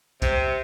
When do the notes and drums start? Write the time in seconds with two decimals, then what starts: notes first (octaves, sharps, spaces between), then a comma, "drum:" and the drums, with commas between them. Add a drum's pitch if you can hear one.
0.22 C3, drum: kick C2, hi-hat